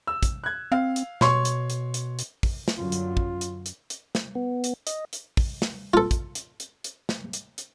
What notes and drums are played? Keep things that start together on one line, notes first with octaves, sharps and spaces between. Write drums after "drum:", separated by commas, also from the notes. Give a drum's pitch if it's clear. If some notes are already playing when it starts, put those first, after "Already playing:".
E6
drum: kick, hi-hat
F#6 G#6
C4 F5
drum: hi-hat
B2 C#5 C6 C#6, drum: snare
drum: hi-hat
drum: hi-hat
drum: hi-hat
drum: hi-hat
drum: kick, open hi-hat
drum: snare
F#2 D3 F#3 F4
drum: hi-hat
drum: kick
drum: hi-hat
drum: hi-hat
drum: hi-hat
drum: snare
B3
drum: hi-hat
D#5, drum: hi-hat
drum: hi-hat
drum: kick, open hi-hat
drum: snare
F4 A4
drum: kick, hi-hat
drum: hi-hat
drum: hi-hat
drum: hi-hat
drum: snare
drum: hi-hat
drum: hi-hat